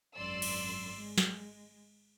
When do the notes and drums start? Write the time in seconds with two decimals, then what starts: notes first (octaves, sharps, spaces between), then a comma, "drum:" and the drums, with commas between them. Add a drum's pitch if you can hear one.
0.16 G#1 F#2 D5 C6 E6
0.42 drum: cymbal
0.96 G#3
1.18 drum: snare